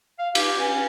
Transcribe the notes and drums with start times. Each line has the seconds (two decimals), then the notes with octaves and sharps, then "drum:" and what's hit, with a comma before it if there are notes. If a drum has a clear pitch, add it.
0.19 F5
0.35 G4, drum: cymbal
0.60 C#4